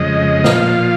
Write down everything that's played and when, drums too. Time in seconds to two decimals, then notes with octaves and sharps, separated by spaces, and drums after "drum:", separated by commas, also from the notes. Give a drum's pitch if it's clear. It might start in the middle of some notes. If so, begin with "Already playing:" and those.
Already playing: F2 C#3 G#3 D#5
0.44 A#2 F3 F5, drum: snare